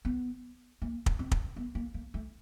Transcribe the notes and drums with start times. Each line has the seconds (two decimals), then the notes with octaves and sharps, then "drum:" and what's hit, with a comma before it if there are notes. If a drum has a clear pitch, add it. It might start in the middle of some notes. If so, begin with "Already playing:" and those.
0.05 B3
0.82 A#3
1.06 drum: kick
1.19 C4
1.31 drum: kick
1.56 B3
1.75 A#3
1.94 A#3
2.14 A3